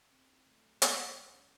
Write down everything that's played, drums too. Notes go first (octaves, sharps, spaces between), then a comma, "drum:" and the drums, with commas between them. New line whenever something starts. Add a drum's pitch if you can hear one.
C4
E4
A2
F#3
F#3, drum: hi-hat
C#2
C#2
C#3